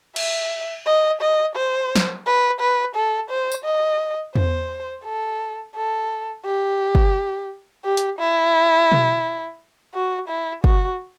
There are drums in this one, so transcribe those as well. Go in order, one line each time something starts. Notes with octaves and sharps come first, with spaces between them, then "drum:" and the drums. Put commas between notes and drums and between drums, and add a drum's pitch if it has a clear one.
E5, drum: cymbal
D#5
D#5
C5
drum: snare
B4
B4
A4
C5
drum: tambourine
D#5
C5, drum: tom E2
A4
A4
G4
drum: kick
G4
drum: hi-hat
E4
drum: tom B2
F#4
E4
F#4, drum: kick